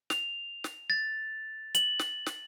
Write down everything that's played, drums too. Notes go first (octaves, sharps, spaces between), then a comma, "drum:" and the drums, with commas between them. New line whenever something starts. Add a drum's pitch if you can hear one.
F7, drum: snare
drum: snare
A6
F#7, drum: hi-hat
drum: snare
drum: snare